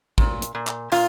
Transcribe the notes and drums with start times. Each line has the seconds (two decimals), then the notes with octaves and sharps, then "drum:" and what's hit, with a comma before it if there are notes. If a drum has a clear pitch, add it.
0.18 A#2, drum: kick A1
0.42 drum: hi-hat
0.55 A#2
0.67 drum: clap
0.92 A#2 F4, drum: open hi-hat